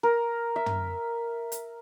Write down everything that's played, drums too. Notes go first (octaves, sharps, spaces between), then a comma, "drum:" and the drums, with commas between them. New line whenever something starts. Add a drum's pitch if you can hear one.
A#4
E5
drum: tom
drum: hi-hat